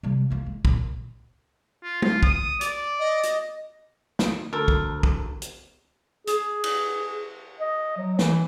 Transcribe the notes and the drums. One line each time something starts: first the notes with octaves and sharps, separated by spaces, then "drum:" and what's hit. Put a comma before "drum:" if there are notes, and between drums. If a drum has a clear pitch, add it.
C3 G3
F3 F4
G#3
A#2, drum: kick
F4
F4, drum: tom G#3
D#6, drum: kick
D5, drum: hi-hat
D#5
drum: hi-hat
drum: snare
D2 A4 A#4
drum: kick
drum: kick
drum: hi-hat
G#4, drum: hi-hat
drum: cymbal
D#5
F#3
E3, drum: snare